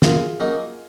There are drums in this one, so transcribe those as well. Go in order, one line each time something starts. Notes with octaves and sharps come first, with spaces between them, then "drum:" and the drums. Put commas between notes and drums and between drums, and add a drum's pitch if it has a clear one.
F#2 F4 G#4, drum: snare
C#3 F#3 A#3 D#4